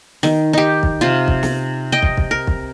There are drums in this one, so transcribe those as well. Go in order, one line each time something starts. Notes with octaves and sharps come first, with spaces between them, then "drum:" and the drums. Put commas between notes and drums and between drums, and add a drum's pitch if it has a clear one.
D#3, drum: snare
D#4 G4
drum: kick
C3 F4
drum: kick
drum: snare
D#5 G5
drum: kick
drum: kick
A#4
drum: kick